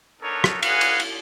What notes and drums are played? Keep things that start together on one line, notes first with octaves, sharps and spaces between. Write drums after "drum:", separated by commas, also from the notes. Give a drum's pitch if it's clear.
B3 D4 D#4 A4 A#4 C#5
drum: rim click
F#4 G#4 B4 F5 F#5 G#5, drum: cymbal
drum: cymbal
drum: cymbal